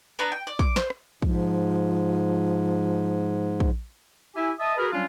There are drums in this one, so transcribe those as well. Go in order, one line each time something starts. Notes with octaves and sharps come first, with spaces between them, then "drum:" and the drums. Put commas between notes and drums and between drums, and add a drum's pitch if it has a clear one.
B3 D4 B4 A#5
G5
D5
D6, drum: kick
C5, drum: snare
drum: rim click
G#2 F3, drum: kick
drum: kick
E4 G4 E5 G#5
D#5 E5 A5 D#6
F#4 G#4 A#4 B4
F#3 G3 C#4 D4 F4